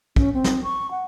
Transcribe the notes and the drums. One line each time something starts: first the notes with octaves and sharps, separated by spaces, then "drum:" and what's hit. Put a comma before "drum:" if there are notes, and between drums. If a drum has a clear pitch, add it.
C#4, drum: kick
C4
drum: snare
C#6
F#5